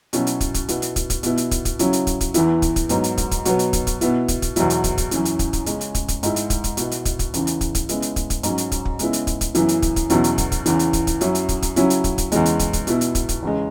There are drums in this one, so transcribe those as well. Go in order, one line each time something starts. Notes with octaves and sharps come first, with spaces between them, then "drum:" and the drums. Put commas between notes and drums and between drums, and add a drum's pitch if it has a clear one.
B2 F#3 C#4 E4, drum: hi-hat
drum: hi-hat
drum: kick, hi-hat
drum: kick, hi-hat
B2 B3 E4, drum: hi-hat
drum: hi-hat
drum: kick, hi-hat
drum: kick, hi-hat
B2 B3 E4, drum: hi-hat
drum: hi-hat
drum: kick, hi-hat
drum: kick, hi-hat
C#3 F#3 C#4 E4, drum: hi-hat
drum: hi-hat
drum: kick, hi-hat
drum: kick, hi-hat
E2 E3 B3 E4, drum: hi-hat
drum: kick, hi-hat
drum: kick, hi-hat
G#2 F#3 B3, drum: hi-hat
drum: hi-hat
drum: kick, hi-hat
drum: kick, hi-hat
B2 F#3 B3, drum: hi-hat
drum: hi-hat
drum: kick, hi-hat
drum: kick, hi-hat
B2 B3 E4, drum: hi-hat
drum: kick, hi-hat
drum: kick, hi-hat
E2 B2 F#3 E4, drum: hi-hat
drum: hi-hat
drum: kick, hi-hat
drum: kick, hi-hat
F#2 E3 C#4 E4, drum: hi-hat
drum: hi-hat
drum: kick, hi-hat
drum: kick, hi-hat
C#3 G#3 C#4, drum: hi-hat
drum: hi-hat
drum: kick, hi-hat
drum: kick, hi-hat
G#2 G#3 E4, drum: hi-hat
drum: hi-hat
drum: kick, hi-hat
drum: kick, hi-hat
B2 B3 E4, drum: hi-hat
drum: hi-hat
drum: kick, hi-hat
drum: kick, hi-hat
E2 C#3 E3, drum: hi-hat
drum: hi-hat
drum: kick, hi-hat
drum: kick, hi-hat
C#3 G#3 B3 E4, drum: hi-hat
drum: hi-hat
drum: kick, hi-hat
drum: kick, hi-hat
G#2 F#3 C#4, drum: hi-hat
drum: hi-hat
drum: kick, hi-hat
drum: kick
C#3 G#3 B3 E4, drum: hi-hat
drum: hi-hat
drum: kick, hi-hat
drum: kick, hi-hat
F#2 C#3 E3 B3 E4, drum: hi-hat
drum: hi-hat
drum: kick, hi-hat
drum: kick, hi-hat
E2 B2 F#3 C#4 E4, drum: hi-hat
drum: hi-hat
drum: kick, hi-hat
drum: kick, hi-hat
E2 C#3 E3, drum: hi-hat
drum: hi-hat
drum: kick, hi-hat
drum: kick, hi-hat
F#2 F#3 C#4 E4, drum: hi-hat
drum: hi-hat
drum: kick, hi-hat
drum: kick, hi-hat
C#3 F#3 C#4 E4, drum: hi-hat
drum: hi-hat
drum: kick, hi-hat
drum: kick, hi-hat
E2 C#3 E3 G#3, drum: hi-hat
drum: hi-hat
drum: kick, hi-hat
drum: kick, hi-hat
B2 B3 E4, drum: hi-hat
drum: hi-hat
drum: kick, hi-hat
drum: kick, hi-hat
E2 C#3 G#3